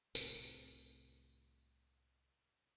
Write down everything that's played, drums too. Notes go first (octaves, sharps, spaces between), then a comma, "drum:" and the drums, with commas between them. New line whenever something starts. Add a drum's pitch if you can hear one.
C2 A2 C3, drum: tambourine